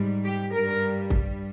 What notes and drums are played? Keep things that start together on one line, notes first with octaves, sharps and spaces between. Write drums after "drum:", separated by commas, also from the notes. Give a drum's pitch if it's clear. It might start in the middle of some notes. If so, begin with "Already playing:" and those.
Already playing: G#2 G3
G4
G2 G3 A#4
drum: kick